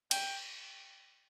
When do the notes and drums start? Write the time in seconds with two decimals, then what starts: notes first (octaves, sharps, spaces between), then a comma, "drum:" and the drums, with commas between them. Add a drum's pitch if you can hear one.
0.11 G5, drum: cymbal